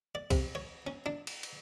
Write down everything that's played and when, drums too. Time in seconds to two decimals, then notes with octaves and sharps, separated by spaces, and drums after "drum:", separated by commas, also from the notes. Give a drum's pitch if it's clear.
0.15 D5
0.31 C3, drum: kick C2, cymbal
0.55 C#5
0.87 C#4
1.06 D4
1.27 drum: cymbal
1.43 drum: cymbal